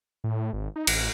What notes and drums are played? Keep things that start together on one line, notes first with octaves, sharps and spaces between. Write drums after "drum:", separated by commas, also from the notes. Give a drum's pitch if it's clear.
A2
G#1
D#4
A1, drum: cymbal